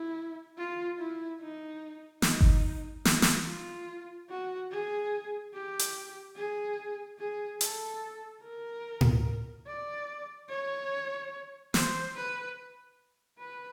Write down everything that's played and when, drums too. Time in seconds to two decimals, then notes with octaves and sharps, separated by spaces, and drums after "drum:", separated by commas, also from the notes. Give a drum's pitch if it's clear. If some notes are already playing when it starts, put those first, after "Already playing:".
Already playing: E4
0.58 F4
0.99 E4
1.40 D#4
2.22 D#4, drum: snare
2.41 drum: kick G1
3.05 D#4, drum: snare
3.22 drum: snare
3.46 F4
4.29 F#4
4.71 G#4
5.54 G4
5.79 drum: hi-hat
6.36 G#4
7.19 G#4
7.61 A4, drum: hi-hat
8.43 A#4
9.01 drum: tom A2
9.67 D5
10.49 C#5
11.74 C5, drum: snare
12.15 B4
13.39 B4